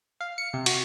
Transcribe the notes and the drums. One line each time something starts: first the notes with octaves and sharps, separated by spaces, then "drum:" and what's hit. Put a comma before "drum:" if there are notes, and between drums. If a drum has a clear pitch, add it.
F5
C#7
C3
F#4, drum: cymbal